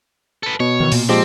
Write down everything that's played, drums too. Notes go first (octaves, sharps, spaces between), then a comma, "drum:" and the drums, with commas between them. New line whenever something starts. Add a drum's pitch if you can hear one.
A4 B4
B2 C#5
D#3 E3
A#2, drum: open hi-hat
F3 G#3 C4 G4